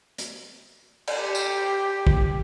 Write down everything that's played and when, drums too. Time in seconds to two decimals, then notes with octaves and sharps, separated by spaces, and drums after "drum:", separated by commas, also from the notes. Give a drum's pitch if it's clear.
0.18 drum: hi-hat
1.07 drum: cymbal
1.18 G4
1.35 drum: tambourine
2.07 drum: kick